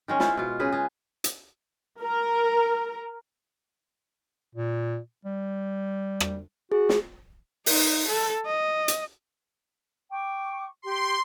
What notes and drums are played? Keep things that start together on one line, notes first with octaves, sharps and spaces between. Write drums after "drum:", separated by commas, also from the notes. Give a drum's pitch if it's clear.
D#3 G#3 C#4
E4 F4 C5, drum: snare
B2 F4
C#3 G#4 B4
F4 G#4
drum: hi-hat
A#4
A#2
G3
drum: rim click
F#4 G#4
drum: snare
D#4, drum: open hi-hat
A4
D#5
drum: hi-hat
G5 C#6 D6
G4 C6